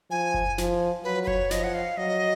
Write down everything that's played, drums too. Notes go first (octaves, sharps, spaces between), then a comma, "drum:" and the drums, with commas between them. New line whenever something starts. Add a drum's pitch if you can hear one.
F3 G#5
drum: kick F#1
F3, drum: snare
F#3 B4
B4
C#5, drum: kick F#1
F3 D#5, drum: snare
F#5
F5
F#3 D#5